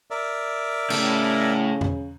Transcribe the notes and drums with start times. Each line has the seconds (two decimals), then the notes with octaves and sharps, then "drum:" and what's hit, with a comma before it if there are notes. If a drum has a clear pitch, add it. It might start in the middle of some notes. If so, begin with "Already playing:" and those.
0.11 A#4 D5 E5
0.90 A2 C#3 A3, drum: cymbal
1.81 drum: tom E2